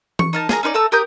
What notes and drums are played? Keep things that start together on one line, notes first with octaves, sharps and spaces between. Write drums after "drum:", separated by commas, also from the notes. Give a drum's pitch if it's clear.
C#6, drum: tom E3
D#4 A#4 A5
G#4 A#4 A5 A#5, drum: snare
C#4 D#4 B4 D5
A3 A4 A#5 E6
G4 A#4 D#6 G6